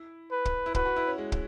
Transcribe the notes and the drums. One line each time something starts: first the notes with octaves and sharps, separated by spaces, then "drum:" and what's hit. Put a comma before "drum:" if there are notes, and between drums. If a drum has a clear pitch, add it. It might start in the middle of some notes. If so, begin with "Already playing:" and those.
Already playing: E4
B4
drum: kick
E4
F#4 B4, drum: kick
F#4
E4
C#4
G#3
drum: kick